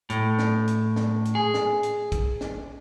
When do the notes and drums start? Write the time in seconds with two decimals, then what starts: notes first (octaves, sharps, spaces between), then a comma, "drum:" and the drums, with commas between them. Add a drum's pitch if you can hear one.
0.10 A2, drum: hi-hat
0.39 drum: snare
0.68 drum: hi-hat
0.96 drum: snare
1.25 drum: hi-hat
1.35 G#4
1.54 drum: snare
1.83 drum: hi-hat
2.12 drum: kick, hi-hat
2.41 drum: snare